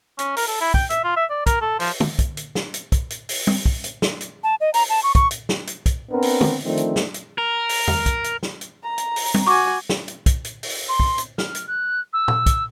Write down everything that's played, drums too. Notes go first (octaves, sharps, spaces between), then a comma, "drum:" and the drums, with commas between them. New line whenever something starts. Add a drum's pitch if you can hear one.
C#4, drum: hi-hat
A#4, drum: open hi-hat
A4
E4
G5, drum: kick
E5, drum: hi-hat
F4
E5
D5
A#4, drum: kick, hi-hat
A4
F3, drum: open hi-hat
drum: tom
drum: kick, hi-hat
drum: hi-hat
drum: snare
drum: hi-hat
drum: kick, hi-hat
drum: hi-hat
drum: open hi-hat
drum: tom
drum: kick
drum: hi-hat
drum: snare
drum: hi-hat
A5
D#5
A#5, drum: open hi-hat
A5
C#6
C#6, drum: kick, hi-hat
drum: hi-hat
drum: snare
drum: hi-hat
drum: kick, hi-hat
B3 C4 D4 A#4 B4
drum: open hi-hat
drum: tom
D#3 F3 A3 C4 D4
drum: hi-hat
drum: snare
drum: hi-hat
A#4
drum: open hi-hat
drum: tom E2
drum: kick, hi-hat
drum: hi-hat
drum: snare
drum: hi-hat
A#5
drum: hi-hat
drum: open hi-hat
drum: tom
F#4 G#5 C#6 D6
drum: snare
drum: hi-hat
drum: kick, hi-hat
drum: hi-hat
drum: open hi-hat
C6
drum: kick
drum: hi-hat
F6, drum: snare
drum: hi-hat
F#6
E6
drum: tom
drum: kick, hi-hat